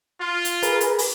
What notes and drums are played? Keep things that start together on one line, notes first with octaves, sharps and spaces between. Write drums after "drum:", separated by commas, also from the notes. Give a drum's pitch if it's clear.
F4
drum: hi-hat
G#4 A#4 B4, drum: hi-hat
drum: hi-hat
drum: open hi-hat